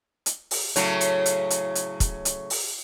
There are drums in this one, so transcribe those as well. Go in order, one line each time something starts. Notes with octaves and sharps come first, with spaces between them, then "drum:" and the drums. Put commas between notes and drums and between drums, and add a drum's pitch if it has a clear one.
drum: hi-hat
drum: open hi-hat
A2 C#3 F#3, drum: hi-hat
drum: hi-hat
drum: hi-hat
drum: hi-hat
drum: hi-hat
drum: kick, hi-hat
drum: hi-hat
drum: open hi-hat